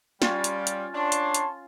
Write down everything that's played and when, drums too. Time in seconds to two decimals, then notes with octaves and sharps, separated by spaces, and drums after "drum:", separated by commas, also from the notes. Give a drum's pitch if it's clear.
0.22 G3 C#4 F4, drum: snare
0.44 drum: hi-hat
0.67 drum: hi-hat
0.95 D4 C#5 A5 C6
1.12 drum: hi-hat
1.34 drum: hi-hat